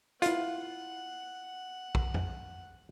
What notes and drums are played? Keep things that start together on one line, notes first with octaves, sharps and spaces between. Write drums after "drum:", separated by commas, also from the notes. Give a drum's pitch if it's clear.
E4 F4 F5 F#5, drum: hi-hat
drum: kick A#1
drum: tom F2